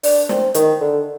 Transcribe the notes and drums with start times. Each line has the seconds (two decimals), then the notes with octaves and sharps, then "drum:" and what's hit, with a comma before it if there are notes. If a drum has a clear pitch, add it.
0.03 D4, drum: open hi-hat
0.29 C4, drum: snare
0.54 D#3, drum: hi-hat
0.81 D3